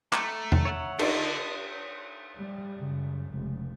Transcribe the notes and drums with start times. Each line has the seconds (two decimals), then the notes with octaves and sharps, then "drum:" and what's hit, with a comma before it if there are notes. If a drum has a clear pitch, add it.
0.13 A3 A#5, drum: clap
0.52 drum: tom E2
0.65 C#5 E5 F#5
0.99 D#4 A4 D5 D#5, drum: cymbal
2.39 G3
2.76 F#2 C#3
3.32 F1 C#2